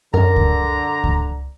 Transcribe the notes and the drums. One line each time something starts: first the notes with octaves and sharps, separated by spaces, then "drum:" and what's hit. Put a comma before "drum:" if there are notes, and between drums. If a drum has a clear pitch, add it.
F#2 D3 A#4 A#5
drum: kick C#2
drum: kick C#2